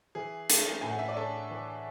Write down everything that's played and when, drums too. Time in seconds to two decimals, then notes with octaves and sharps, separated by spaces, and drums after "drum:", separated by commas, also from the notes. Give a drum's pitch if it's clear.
0.15 E3 G#4
0.50 A3, drum: hi-hat
0.81 A2 G#5
0.90 F#5
0.99 E5
1.08 D5
1.17 D4 A4 C#5
1.51 E3